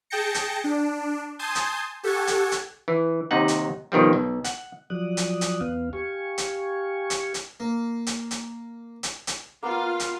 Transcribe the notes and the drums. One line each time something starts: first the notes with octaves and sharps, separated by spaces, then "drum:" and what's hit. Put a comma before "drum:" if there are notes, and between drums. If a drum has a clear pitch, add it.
G#4 G5 A5 G6 A#6 C#7
drum: hi-hat
D4
G#5 A5 C6 D#6 G6 G#6
drum: hi-hat
G4 A4 F#5 G#5 C#6 G#6
drum: hi-hat
drum: hi-hat
E3
D#2 C3 D#4 F#5
drum: hi-hat
B2 D#3 F3 G3
B1
F#5, drum: hi-hat
F3 F#3 D5 D#6 F#6
drum: hi-hat
drum: hi-hat
E2 B3 F5
G4 F5 G#5 C#6
drum: hi-hat
drum: hi-hat
drum: hi-hat
A#3
drum: hi-hat
drum: hi-hat
drum: hi-hat
drum: hi-hat
A#3 B3 F4 F5
drum: hi-hat